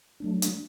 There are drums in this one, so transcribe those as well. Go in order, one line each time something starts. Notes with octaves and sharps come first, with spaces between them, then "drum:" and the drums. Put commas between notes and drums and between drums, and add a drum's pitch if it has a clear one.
F#3 A3 D4
drum: hi-hat